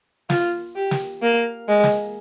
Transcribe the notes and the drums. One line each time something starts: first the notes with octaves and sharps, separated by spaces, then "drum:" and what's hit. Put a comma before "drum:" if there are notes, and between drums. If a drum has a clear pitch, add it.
F4, drum: snare
G4
drum: snare
A#3
G#3
drum: snare